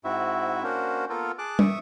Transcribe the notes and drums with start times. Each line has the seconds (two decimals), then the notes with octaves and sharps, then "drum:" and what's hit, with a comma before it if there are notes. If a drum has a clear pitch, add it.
0.04 G#2 C4 E4 F#4 E5
0.64 A#3 C#4 D4 F#4 A#4 C5
1.10 A#3 B3 F4 A4 A#4
1.38 G#4 A5 D6 F#6
1.59 E5 C#6 D#6, drum: tom